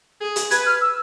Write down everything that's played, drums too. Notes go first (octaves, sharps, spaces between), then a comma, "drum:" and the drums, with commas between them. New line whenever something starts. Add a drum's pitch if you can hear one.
G#4
drum: hi-hat
B4 G#6, drum: hi-hat
F6
E6